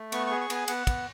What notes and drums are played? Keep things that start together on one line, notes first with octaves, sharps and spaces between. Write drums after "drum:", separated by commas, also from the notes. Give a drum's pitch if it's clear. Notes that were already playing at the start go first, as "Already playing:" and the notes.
Already playing: A3
B3 C#6, drum: cymbal
G#4 C#6
C#6
B3 G#5, drum: cymbal
B3 F#5, drum: cymbal
B3, drum: kick, cymbal